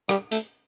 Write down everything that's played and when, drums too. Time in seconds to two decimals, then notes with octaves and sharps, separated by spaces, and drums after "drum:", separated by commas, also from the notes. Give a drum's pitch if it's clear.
0.09 G3, drum: rim click
0.32 A3, drum: hi-hat